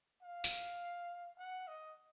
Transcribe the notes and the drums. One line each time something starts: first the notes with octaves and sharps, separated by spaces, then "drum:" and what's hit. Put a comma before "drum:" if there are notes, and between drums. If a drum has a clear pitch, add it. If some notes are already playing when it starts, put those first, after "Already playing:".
F5
drum: tambourine
F#5
D#5